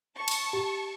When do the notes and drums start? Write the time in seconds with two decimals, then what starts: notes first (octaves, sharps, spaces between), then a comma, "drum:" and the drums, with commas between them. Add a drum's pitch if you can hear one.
0.17 A5 C#6
0.28 drum: cymbal
0.53 G4